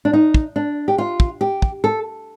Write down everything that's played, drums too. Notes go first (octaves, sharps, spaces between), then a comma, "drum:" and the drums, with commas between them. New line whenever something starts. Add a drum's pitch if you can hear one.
D4
D#4
drum: kick
D4
G4
F4
drum: kick
G4
drum: kick
A4